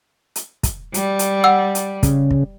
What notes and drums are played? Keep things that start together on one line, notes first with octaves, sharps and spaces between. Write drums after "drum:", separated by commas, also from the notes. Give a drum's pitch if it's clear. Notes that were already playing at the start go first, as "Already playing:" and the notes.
drum: hi-hat
drum: kick, hi-hat
G3, drum: hi-hat
drum: hi-hat
F#5 E6
drum: hi-hat
C#3, drum: kick, hi-hat
drum: kick